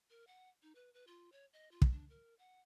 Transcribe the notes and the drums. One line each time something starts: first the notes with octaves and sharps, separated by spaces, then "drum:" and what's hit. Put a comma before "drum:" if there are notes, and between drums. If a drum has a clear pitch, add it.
A#4
F#5
D#4
B4
B4
F4
C#5
D#5
F4
drum: kick
D4
A#4
F#5